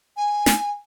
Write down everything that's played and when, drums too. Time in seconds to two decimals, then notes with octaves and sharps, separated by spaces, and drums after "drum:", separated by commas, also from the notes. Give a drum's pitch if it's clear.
0.17 G#5
0.46 drum: snare